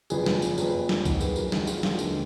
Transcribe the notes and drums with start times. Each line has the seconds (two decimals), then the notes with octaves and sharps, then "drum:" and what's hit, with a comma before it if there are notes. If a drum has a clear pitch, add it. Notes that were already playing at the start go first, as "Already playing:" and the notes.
0.10 F#1 F2 F3 G#4 B4, drum: tambourine
0.26 drum: snare
0.42 drum: tambourine
0.58 F#1 F2 F3 G#4 B4, drum: tambourine
0.89 drum: snare
1.05 F2 D#3 F#3, drum: kick, tambourine
1.21 G#4 B4, drum: tambourine
1.36 F#4 A#4, drum: tambourine
1.52 F2 D#3 F#3, drum: snare
1.67 F4 G#4, drum: tambourine
1.83 D4 F4, drum: snare
1.99 D#2 D3 G#3 B3, drum: tambourine